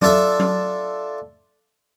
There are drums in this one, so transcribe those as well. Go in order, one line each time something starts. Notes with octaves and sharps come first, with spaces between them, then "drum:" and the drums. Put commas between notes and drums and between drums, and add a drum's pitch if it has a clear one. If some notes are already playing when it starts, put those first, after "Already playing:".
D4 F4 A4 E5, drum: tom F#3
drum: tom F#3